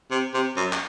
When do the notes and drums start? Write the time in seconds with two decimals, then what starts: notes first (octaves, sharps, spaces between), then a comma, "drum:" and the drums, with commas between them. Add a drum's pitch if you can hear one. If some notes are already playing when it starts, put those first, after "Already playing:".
0.11 C3
0.34 C3
0.57 F#2
0.73 drum: clap